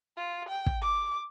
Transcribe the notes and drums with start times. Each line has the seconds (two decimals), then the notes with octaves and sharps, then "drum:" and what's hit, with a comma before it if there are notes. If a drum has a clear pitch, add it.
0.17 F4
0.49 G5
0.66 drum: kick
0.82 D6